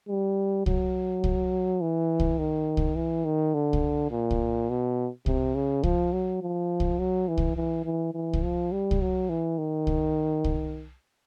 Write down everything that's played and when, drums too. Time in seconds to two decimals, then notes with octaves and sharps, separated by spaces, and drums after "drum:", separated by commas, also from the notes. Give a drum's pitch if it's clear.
0.09 G3
0.66 F#3, drum: kick C2
1.24 drum: kick C2
1.81 E3
2.20 drum: kick C2
2.39 D#3
2.77 drum: kick C2
2.96 E3
3.25 D#3
3.54 D3
3.73 drum: kick C2
4.11 A#2
4.31 drum: kick C2
4.70 B2
5.26 C3, drum: kick C2
5.55 C#3
5.83 F3, drum: kick C2
6.13 F#3
6.42 F3
6.80 drum: kick C2
6.99 F#3
7.28 E3
7.38 drum: kick C2
7.56 E3
7.85 E3
8.14 E3
8.33 drum: kick C2
8.43 F3
8.72 G3
8.91 drum: kick C2
9.01 F#3
9.29 E3
9.58 D#3
9.87 drum: kick C2
10.44 drum: kick C2